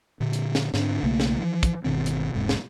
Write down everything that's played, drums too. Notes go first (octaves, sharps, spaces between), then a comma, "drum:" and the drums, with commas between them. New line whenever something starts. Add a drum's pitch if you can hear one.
A#2 D3
drum: hi-hat
drum: snare
G#2 D3 C4 D4, drum: snare
B1 C#3 A3 A#3
drum: snare
E3 F3
drum: kick, hi-hat
G1 B2 D#3 C4
drum: hi-hat
E1 G#2 C3
drum: snare